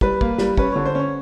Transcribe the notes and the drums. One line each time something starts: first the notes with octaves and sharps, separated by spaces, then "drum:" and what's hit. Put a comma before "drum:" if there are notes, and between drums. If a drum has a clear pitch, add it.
G3 B4, drum: kick
A#3, drum: kick
G3, drum: snare
C#4 B4, drum: kick
D3 C#5
C5
C#4 C#5